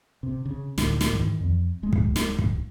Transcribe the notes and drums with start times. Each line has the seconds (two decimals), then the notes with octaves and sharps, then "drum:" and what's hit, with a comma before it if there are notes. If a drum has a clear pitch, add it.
0.23 C3
0.45 C#3
0.78 D2 A2, drum: snare
1.01 drum: snare
1.13 D#2 G#2 D#3 E3
1.40 F2
1.83 D1 G#3
1.93 drum: kick
2.16 drum: snare
2.39 drum: kick